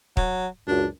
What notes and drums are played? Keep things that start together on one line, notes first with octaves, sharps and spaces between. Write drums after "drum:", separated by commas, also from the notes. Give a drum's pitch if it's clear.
F#3, drum: kick
C#2 F#2 D4